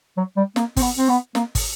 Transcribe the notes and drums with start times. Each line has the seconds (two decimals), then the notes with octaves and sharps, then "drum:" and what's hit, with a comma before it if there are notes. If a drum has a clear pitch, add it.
0.17 F#3
0.37 G3
0.56 A#3, drum: snare
0.76 C4, drum: kick, open hi-hat
0.82 B3
0.97 C4
1.09 B3
1.35 A#3, drum: snare
1.55 drum: kick, open hi-hat